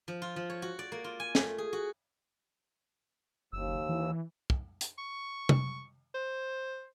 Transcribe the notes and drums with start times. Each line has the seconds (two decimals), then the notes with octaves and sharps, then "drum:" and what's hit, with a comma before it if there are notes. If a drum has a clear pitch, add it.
0.08 F3
0.22 F4
0.36 F3
0.50 C#5
0.62 F#4
0.79 D5
0.92 A#3
1.04 F4
1.20 G#5
1.35 A3, drum: snare
1.58 G#4
1.73 F#4
3.53 F#1 D#2 E6
3.89 E3
4.50 drum: kick
4.81 drum: hi-hat
4.98 C#6
5.49 drum: tom
6.15 C5